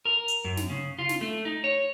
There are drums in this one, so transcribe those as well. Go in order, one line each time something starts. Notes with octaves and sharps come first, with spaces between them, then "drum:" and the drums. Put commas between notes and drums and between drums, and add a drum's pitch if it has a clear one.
A#4
drum: hi-hat
F#2
drum: snare
C#3
F4
drum: snare
A3
D#4
C#5